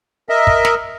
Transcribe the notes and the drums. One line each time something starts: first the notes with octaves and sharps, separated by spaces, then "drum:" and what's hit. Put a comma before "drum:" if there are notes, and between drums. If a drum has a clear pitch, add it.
A#4 D#5 E5
drum: kick
drum: snare